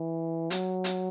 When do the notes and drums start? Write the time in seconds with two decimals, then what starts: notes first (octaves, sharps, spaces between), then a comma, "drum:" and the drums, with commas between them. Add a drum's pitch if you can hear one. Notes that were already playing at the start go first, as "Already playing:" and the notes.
Already playing: E3
0.50 F#3, drum: hi-hat
0.84 drum: hi-hat